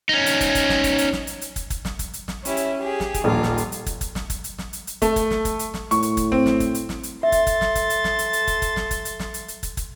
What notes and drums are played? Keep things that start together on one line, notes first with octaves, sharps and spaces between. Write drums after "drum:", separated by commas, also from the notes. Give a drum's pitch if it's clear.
C#4 D#4
drum: hi-hat
drum: kick, hi-hat
drum: kick, hi-hat
drum: snare
drum: kick, hi-hat
drum: hi-hat
drum: snare
drum: hi-hat
drum: hi-hat
drum: kick, hi-hat
drum: kick, hi-hat
drum: snare
drum: kick, hi-hat
drum: hi-hat
drum: snare
C#4 E4 G4, drum: hi-hat
drum: hi-hat
G4 G#4
drum: snare
drum: kick, hi-hat
D#1 A#1 F4
drum: snare
drum: hi-hat
drum: hi-hat
drum: kick, hi-hat
drum: kick, hi-hat
drum: snare
drum: kick, hi-hat
drum: hi-hat
drum: snare
drum: hi-hat
drum: hi-hat
A3, drum: kick, hi-hat
drum: kick, hi-hat
drum: snare
drum: kick, hi-hat
drum: hi-hat
drum: snare
A2 C#6, drum: hi-hat
drum: hi-hat
drum: kick, hi-hat
C4, drum: kick
drum: snare
drum: kick, hi-hat
drum: hi-hat
drum: snare
drum: hi-hat
A4 E5 C6 A6
drum: kick, hi-hat
drum: kick, hi-hat
drum: snare
drum: kick, hi-hat
drum: hi-hat
drum: snare
drum: hi-hat
drum: hi-hat
drum: kick, hi-hat
drum: kick, hi-hat
drum: snare
drum: kick, hi-hat
drum: hi-hat
drum: snare
drum: hi-hat
drum: hi-hat
drum: kick, hi-hat
drum: kick, hi-hat